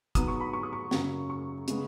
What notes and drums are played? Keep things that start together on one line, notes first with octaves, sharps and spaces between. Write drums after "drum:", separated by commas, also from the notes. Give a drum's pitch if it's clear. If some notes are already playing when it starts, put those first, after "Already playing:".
G#2 F#3 B3 D#6, drum: kick, hi-hat
C#6
B5
C#6
D#6
C#6
F#2 C#3 F#3 A#3, drum: snare
C#6
C#3 G#3 B3, drum: hi-hat